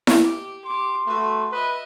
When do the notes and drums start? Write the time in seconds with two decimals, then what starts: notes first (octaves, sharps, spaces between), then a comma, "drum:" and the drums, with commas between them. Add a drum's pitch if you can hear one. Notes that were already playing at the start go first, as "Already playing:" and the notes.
0.07 drum: snare E4
0.22 G4
0.65 G4 C6 D6
1.07 A3 F#4 B4
1.52 B4 D#5 E5